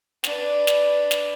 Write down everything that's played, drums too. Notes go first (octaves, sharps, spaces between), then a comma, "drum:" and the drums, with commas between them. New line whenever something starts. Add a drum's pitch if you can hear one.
D4 B4, drum: snare
drum: snare
drum: snare